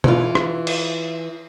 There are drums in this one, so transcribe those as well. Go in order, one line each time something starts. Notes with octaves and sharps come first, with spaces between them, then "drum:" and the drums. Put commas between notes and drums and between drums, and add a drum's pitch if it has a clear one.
E3 F4, drum: tom B2
drum: rim click
drum: cymbal